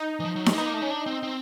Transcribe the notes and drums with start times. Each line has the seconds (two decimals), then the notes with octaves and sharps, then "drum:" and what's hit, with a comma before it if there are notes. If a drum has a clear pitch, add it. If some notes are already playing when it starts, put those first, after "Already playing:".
Already playing: D#4
0.20 E3
0.25 F3
0.36 F#3
0.46 F3, drum: snare D#4
0.53 A#3
0.58 B3 D#4
0.66 A#3
0.74 A3
0.82 C#4
0.91 D4
1.06 C4
1.23 C4